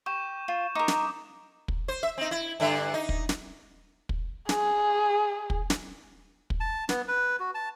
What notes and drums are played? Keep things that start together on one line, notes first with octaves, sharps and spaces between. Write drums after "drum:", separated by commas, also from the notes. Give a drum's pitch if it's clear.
G4 C#6 G6 E7
F4
D#4 A#4 D6 D#6
drum: snare
drum: kick
C5
E5
C4 D#4
E4
G2 D3 E5
D#4
drum: kick
drum: snare
drum: kick
G#4, drum: snare
drum: kick
drum: snare
drum: kick
A5
B3, drum: snare
B4
F#4
A5